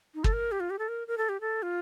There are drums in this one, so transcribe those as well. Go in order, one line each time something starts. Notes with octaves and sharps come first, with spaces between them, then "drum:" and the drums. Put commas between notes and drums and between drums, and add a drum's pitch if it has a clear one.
D#4
A4, drum: kick
A#4
G4
F4
G4
A4
A#4
A#4
A4
G4
A4
F4